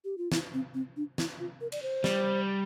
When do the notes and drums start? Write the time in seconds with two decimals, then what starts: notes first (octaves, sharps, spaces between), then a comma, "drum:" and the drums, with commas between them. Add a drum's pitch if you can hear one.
0.05 G4
0.18 F4
0.32 E4, drum: snare
0.54 C4
0.74 C4
0.97 D4
1.18 E4, drum: snare
1.40 F4
1.61 A#4
1.72 D5, drum: cymbal
1.82 C5
2.04 G3, drum: snare